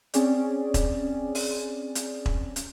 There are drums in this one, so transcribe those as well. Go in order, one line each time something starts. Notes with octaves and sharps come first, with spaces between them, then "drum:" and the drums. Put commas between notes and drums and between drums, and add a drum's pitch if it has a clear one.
C4 C#4 G#4 D5, drum: hi-hat
drum: kick E1, hi-hat
drum: open hi-hat
drum: hi-hat
drum: kick E1
drum: hi-hat